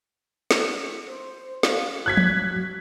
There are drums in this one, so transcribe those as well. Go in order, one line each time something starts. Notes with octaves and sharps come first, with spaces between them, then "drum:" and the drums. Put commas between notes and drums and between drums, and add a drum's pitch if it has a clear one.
drum: snare
C5
F5, drum: snare
F#4 F#6 G#6 B6
drum: tom